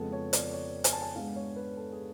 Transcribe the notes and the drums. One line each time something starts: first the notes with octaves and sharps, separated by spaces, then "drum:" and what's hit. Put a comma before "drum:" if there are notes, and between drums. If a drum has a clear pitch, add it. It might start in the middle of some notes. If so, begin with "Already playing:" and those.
Already playing: F2 C#3 G#3 B3 A4
C#5
D5, drum: hi-hat
C#5
G#5, drum: hi-hat
A5
G#5
G#2 G#3 B3 D4 F5
C#5
B4
A4
G#4